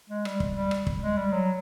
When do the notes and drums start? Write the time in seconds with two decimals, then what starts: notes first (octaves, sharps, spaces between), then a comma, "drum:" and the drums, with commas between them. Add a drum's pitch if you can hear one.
0.10 G#3
0.25 G3, drum: rim click
0.40 drum: kick
0.55 G3
0.71 drum: rim click
0.87 drum: kick
1.03 G#3
1.17 G3
1.33 F#3